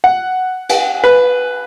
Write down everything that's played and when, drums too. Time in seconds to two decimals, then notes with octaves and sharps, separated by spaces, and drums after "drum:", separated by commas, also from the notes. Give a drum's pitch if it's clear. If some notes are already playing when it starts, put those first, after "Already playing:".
0.04 F#5
0.69 drum: cymbal
1.04 B4